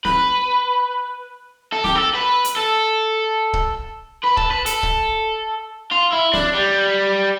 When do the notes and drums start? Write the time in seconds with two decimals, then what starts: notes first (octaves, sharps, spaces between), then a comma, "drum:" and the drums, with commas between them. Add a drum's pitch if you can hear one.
0.05 B4, drum: snare
1.72 A4
1.84 G4, drum: snare
1.95 A4
2.14 B4
2.44 drum: hi-hat
2.57 A4
3.53 drum: kick
4.24 B4
4.37 A4, drum: kick
4.51 B4
4.66 A4, drum: hi-hat
4.83 drum: kick
5.91 F4
6.12 E4
6.33 D4, drum: snare
6.55 G3